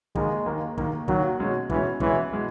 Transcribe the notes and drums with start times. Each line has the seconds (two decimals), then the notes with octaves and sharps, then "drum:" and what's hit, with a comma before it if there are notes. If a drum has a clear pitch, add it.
0.15 D#2 D#3 G#3 A#3, drum: kick
0.46 D#2 D#3 A#3
0.78 D#2 D#3 A#3, drum: kick
1.08 D#2 D#3 F#3 A#3, drum: kick
1.39 B2 G#3 C#4
1.70 B2 E3 G#3 C#4, drum: kick
2.00 B2 E3 G#3 C#4, drum: kick
2.32 B2 G#3